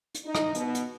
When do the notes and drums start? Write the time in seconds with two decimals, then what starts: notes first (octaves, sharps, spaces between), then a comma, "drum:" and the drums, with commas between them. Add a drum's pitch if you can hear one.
0.15 drum: hi-hat
0.25 D#4
0.35 drum: rim click
0.55 B2, drum: hi-hat
0.75 drum: hi-hat